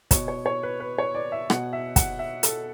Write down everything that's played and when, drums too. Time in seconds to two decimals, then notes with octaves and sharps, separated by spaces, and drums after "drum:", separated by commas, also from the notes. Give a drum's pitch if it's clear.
0.11 B2 C#5, drum: kick, hi-hat
0.28 C#5
0.46 C#5
0.63 B4
0.80 B4
0.98 C#5
1.15 D5
1.32 E5
1.50 B2 F#5, drum: rim click
1.73 E5
1.96 F#5, drum: kick, hi-hat
2.19 E5
2.43 A4, drum: hi-hat